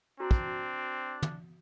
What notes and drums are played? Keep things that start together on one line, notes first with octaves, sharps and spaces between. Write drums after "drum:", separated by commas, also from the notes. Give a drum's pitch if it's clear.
C4 D4 F#4 A#5
drum: kick
drum: tom